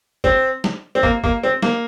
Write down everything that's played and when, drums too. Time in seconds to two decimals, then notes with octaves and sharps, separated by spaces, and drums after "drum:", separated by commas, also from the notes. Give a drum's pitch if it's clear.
0.24 C4, drum: kick
0.64 drum: snare
0.95 C4
1.03 A#3, drum: kick
1.24 A#3, drum: kick
1.43 C4
1.62 A#3, drum: snare